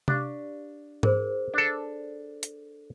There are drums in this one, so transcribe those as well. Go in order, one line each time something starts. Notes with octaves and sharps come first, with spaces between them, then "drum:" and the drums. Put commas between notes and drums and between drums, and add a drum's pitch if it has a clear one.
D4 G4 F5, drum: tom C3
G#4 A#4 C5, drum: tom G#2
D4 A4
drum: hi-hat